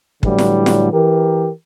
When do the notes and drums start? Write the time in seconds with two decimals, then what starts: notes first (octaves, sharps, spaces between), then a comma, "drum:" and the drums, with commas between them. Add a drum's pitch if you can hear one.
0.23 A2 D3 E3 F#3 G3, drum: kick
0.38 drum: snare
0.66 drum: snare
0.92 E3 G4 A#4